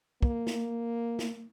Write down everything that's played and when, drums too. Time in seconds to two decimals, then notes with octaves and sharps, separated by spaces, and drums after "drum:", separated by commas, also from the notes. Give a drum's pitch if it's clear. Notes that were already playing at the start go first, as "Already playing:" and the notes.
0.22 A#3, drum: kick
0.47 drum: snare
1.19 drum: snare